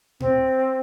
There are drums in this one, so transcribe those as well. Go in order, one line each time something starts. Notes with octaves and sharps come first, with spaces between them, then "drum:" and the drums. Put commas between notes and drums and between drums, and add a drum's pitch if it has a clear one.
C4, drum: tom A2